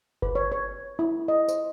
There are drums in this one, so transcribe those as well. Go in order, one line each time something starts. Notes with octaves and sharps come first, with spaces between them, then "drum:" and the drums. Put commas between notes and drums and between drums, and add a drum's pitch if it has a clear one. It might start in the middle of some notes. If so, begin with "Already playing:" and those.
B4, drum: kick F#1
C#5
C#5
E4
D#5
C5, drum: tambourine